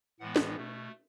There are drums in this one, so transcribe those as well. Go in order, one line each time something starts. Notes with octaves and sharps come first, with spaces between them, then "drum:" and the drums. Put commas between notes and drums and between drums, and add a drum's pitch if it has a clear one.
A2 E3 G#3 B3 F#5
drum: snare
B2 A3